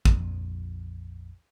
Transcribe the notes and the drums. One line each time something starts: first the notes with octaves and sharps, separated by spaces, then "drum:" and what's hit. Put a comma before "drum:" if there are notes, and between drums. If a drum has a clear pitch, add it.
A#1 F2, drum: kick